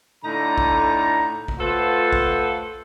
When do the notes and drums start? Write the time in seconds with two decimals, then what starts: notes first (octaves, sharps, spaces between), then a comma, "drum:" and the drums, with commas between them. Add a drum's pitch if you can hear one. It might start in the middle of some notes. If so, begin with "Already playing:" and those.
0.24 A2 D3 D#4 A#5
0.58 drum: kick A#1
1.48 drum: kick A#1
1.59 A3 F4 A4 B4 C5 F#5
2.13 drum: kick A#1